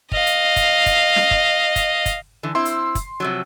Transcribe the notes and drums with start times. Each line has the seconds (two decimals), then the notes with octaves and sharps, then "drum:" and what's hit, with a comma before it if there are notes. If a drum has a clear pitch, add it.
0.12 D#5 F5, drum: kick
0.27 drum: hi-hat
0.56 drum: kick, hi-hat
0.86 drum: kick, hi-hat
1.16 drum: snare
1.31 drum: kick
1.76 drum: kick, hi-hat
2.06 drum: kick, hi-hat
2.43 D3 E3
2.55 C4 E4 C6 E6
2.65 drum: hi-hat
2.95 drum: kick, hi-hat
3.20 C3 F3 F#3 E6